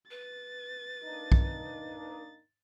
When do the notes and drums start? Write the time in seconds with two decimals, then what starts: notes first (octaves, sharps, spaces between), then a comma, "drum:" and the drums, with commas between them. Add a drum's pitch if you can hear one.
0.10 B4 A6
1.04 A#3 D4 D#4
1.32 drum: kick B1